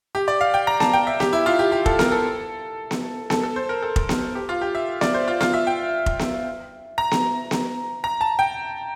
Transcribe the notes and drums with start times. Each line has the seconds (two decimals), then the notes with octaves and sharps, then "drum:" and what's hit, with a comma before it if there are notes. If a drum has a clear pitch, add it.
0.15 G4
0.28 D5
0.41 F5
0.54 G5
0.67 A#5
0.80 A5, drum: snare B3
0.93 G5
1.07 E5
1.20 G4, drum: snare B3
1.33 E4
1.46 F4
1.59 G4
1.72 G4
1.86 A4, drum: kick F1
1.99 A#4, drum: snare B3
2.12 A4
2.91 drum: snare B3
3.30 A4, drum: snare B3
3.43 A4
3.56 C5
3.69 A#4
3.83 A4
3.96 drum: kick F1
4.09 drum: snare B3
4.35 G4
4.49 F4
4.61 G4
4.75 E5
5.01 D5, drum: snare B3
5.14 C5
5.28 F4
5.41 F4, drum: snare B3
5.54 E5
5.67 G5
6.06 drum: kick F1
6.19 drum: snare B3
6.98 A#5
7.11 drum: snare B3
7.51 drum: snare B3
8.04 A#5
8.21 A5
8.39 G5